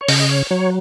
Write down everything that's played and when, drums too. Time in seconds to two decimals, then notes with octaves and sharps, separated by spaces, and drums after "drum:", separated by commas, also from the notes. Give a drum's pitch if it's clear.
0.01 C#5
0.08 C#3 D#5, drum: open hi-hat
0.20 D#5
0.29 C#5
0.51 F#3 C#5